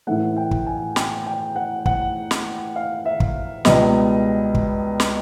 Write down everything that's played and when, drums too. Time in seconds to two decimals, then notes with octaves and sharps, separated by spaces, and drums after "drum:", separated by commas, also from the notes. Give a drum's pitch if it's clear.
0.07 A2 E3 A3 F#5
0.36 G5
0.51 drum: kick
0.67 G#5
0.96 G5, drum: snare
1.26 G5
1.56 F#5
1.86 F#5, drum: kick
2.31 drum: snare
2.76 F5
3.05 E5
3.20 drum: kick
3.65 C#2 B2 G3 B3 D#5, drum: snare
4.55 drum: kick
5.00 drum: snare